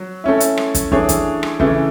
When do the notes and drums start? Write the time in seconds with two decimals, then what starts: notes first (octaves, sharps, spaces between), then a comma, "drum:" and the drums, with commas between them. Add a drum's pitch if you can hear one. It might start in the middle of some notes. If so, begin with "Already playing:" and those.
Already playing: F#3
0.24 A3 C#4 E4
0.40 drum: hi-hat
0.57 drum: rim click
0.75 drum: kick, hi-hat
0.92 E3 A3 D4 G#4 C#5, drum: kick
1.09 drum: kick, hi-hat
1.43 drum: rim click
1.60 C#3 E3 A3, drum: kick